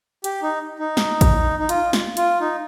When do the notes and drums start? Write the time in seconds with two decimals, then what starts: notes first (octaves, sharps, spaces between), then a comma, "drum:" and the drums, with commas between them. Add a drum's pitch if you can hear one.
0.24 G4, drum: hi-hat
0.43 D#4
0.79 D#4
0.97 drum: snare
1.21 drum: kick A1, hi-hat
1.59 D#4
1.69 F4, drum: hi-hat
1.93 drum: snare
2.17 F4, drum: hi-hat
2.41 D#4